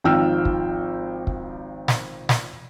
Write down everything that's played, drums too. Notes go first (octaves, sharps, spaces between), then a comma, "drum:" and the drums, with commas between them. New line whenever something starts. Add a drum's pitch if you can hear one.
G#1 F3 D#4 G5 E6 F6
drum: kick
drum: kick
drum: snare
drum: snare